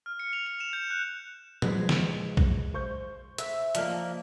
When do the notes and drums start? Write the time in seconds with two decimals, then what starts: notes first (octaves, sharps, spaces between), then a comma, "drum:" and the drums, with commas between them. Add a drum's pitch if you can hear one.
0.06 F6
0.19 C#7
0.33 F7
0.46 F7
0.60 E7
0.73 G6
0.91 F#6
1.62 D#2 F3 G#3 B4, drum: tom A#2
1.89 drum: snare
2.37 drum: kick A#1
2.74 C5 C#6 G6
3.38 E5, drum: hi-hat
3.75 F3 A#3 D5 D#5, drum: hi-hat